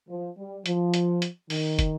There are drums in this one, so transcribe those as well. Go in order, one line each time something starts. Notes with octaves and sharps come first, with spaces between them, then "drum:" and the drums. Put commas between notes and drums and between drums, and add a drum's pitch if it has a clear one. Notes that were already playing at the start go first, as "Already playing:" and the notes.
F3
G3
F3, drum: hi-hat
drum: hi-hat
drum: hi-hat
D#3, drum: open hi-hat
drum: kick, hi-hat